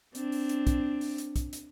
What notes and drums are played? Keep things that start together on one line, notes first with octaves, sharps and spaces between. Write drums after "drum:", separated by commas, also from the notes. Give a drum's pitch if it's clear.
C4 D4, drum: hi-hat
drum: open hi-hat
drum: hi-hat
drum: kick, hi-hat
drum: open hi-hat
drum: hi-hat
drum: kick, hi-hat
drum: hi-hat